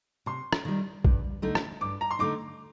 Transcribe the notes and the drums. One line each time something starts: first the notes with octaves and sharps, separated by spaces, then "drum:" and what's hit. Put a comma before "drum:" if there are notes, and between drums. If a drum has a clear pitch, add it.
C3 C6
drum: rim click
D#3 G3
G2, drum: kick A#1
D3 A3 D#4
drum: rim click
G2 D6
A#5
C6
D3 A3 D#4 D6